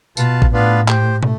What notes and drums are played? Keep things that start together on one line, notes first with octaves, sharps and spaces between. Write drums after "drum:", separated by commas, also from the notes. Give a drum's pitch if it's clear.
B2 F4 B4 F5 A5, drum: tambourine
drum: kick A1
A2 B3 D4 F4 B4 F5
G4 C5 G5, drum: clap
A3, drum: tom